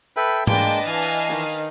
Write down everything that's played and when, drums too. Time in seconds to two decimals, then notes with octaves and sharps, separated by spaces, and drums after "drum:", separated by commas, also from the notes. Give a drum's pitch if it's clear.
0.17 A4 B4 E5 G5
0.47 G#3 A#3 D4 B4 D#5 G5 A5, drum: tom G#2
0.87 E3 F5 G#5
1.02 drum: cymbal
1.29 D#3